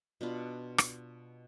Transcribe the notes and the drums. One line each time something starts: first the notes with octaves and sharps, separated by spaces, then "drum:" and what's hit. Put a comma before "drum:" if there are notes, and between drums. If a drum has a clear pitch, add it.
B2 D4 F4 B5
drum: rim click